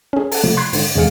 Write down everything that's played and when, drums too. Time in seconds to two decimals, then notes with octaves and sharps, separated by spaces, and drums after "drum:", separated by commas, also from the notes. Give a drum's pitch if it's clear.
0.13 C#4 G#4
0.32 A4 F#5, drum: open hi-hat
0.43 C3 F3 A3
0.57 B5 C6 F#6 G#6 B6 C7
0.73 G#2 D3, drum: open hi-hat
0.95 E2 C3 G#3 G#4 F5 C#7